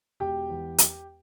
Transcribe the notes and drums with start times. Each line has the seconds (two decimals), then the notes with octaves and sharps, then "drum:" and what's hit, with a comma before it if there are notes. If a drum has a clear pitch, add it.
0.20 E1 G4 G5
0.50 E2
0.78 drum: hi-hat